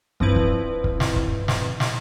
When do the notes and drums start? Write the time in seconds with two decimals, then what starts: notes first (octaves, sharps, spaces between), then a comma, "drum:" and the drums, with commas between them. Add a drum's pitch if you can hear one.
0.20 G2 F3 C4 E4 B4, drum: kick
0.36 drum: kick
0.84 drum: kick
1.00 drum: snare
1.16 drum: kick
1.48 drum: snare
1.80 drum: snare